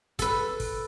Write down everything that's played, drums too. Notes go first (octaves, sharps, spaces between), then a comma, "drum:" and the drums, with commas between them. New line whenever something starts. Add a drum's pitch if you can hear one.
A4 B4, drum: kick, hi-hat
drum: kick, open hi-hat